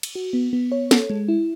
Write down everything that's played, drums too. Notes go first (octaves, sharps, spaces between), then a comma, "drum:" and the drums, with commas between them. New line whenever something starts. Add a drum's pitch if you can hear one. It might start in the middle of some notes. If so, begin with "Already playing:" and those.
drum: cymbal
F#4
B3
B3
C#5
A4, drum: snare
G#3
E4